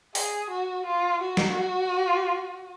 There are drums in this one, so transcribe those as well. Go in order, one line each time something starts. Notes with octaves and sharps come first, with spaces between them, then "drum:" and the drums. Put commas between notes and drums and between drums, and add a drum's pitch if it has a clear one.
G#4, drum: open hi-hat
F#4
F4
F#4
drum: snare F#3